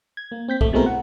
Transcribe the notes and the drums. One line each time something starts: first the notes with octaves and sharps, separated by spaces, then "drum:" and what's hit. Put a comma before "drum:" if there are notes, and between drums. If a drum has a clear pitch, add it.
G#6
A#3
C4 G6 B6
A3, drum: kick
B2 G#3 A3 C4 E4 A#4
F#5